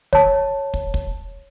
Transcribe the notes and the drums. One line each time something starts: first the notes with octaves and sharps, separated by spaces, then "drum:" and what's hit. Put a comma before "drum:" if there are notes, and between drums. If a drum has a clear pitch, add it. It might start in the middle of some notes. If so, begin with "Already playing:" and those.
C#5 A5, drum: kick
drum: kick
drum: kick